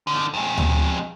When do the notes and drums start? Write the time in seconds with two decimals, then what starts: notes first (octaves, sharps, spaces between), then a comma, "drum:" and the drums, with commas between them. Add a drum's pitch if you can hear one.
0.07 D3 D#3
0.34 F2 G#3
0.58 drum: tom D2